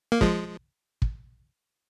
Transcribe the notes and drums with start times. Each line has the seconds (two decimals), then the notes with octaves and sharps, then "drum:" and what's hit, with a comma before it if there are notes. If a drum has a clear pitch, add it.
0.12 A#3
0.21 F3 G#3, drum: kick
1.02 drum: kick